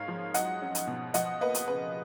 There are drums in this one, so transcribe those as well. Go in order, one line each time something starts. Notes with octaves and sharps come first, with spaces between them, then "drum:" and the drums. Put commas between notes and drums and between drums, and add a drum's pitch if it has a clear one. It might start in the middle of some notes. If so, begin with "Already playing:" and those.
Already playing: G#2 A#3 C#5 F5
F3
F#3 D#5 F#5, drum: hi-hat
C#4
drum: hi-hat
B2
F3 D#5 F#5, drum: hi-hat
A#3 B4 D#5
drum: hi-hat
C#3 B4